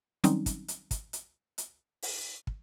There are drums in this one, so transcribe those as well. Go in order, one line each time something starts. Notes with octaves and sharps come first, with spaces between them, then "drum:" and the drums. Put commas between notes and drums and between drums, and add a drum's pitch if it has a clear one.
D#3 F#3 G3 C4 C#4 D#4, drum: hi-hat
drum: kick, hi-hat
drum: hi-hat
drum: kick, hi-hat
drum: hi-hat
drum: hi-hat
drum: open hi-hat
drum: kick